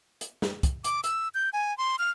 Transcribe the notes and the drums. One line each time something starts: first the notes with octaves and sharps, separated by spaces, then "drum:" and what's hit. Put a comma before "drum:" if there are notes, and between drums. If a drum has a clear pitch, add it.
drum: hi-hat
drum: snare
drum: kick, hi-hat
D6, drum: hi-hat
E6, drum: hi-hat
G6
G#5
C6
F6